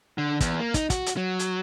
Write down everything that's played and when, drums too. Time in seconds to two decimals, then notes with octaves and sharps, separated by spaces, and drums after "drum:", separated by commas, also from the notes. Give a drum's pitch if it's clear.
0.18 D3
0.41 E2, drum: kick, hi-hat
0.60 A#3
0.74 D#4, drum: kick, hi-hat
0.90 F#4, drum: kick, hi-hat
1.06 drum: hi-hat
1.17 F#3
1.39 drum: hi-hat